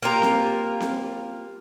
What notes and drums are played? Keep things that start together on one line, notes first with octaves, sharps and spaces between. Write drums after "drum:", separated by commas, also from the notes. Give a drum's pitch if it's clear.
A#3 F4 G4 A#4
drum: snare C4
drum: snare C4